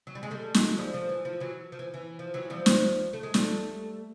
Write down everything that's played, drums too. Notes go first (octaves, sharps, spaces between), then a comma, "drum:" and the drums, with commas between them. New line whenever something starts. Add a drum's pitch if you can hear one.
F#3
G3
G#3
G3 A3
F#3 G#3, drum: snare
F3 G3
F3
E3
F3
E3 F#3
F3
E3
E3
F3
E3 F#3
F3 G3
drum: snare
A3
G#3
G3 A3, drum: snare